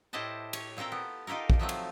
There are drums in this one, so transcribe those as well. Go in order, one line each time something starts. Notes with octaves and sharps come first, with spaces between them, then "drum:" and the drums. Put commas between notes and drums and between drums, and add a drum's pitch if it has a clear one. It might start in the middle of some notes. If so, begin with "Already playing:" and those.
A2 E4 G4 C5 D#5 A5
C#5, drum: cymbal
A#2 C4 A4 A#4 G5
B3
D#4 F4 G4 A4 A#4
drum: kick A#1
F3 F#3 A3 C4
drum: cymbal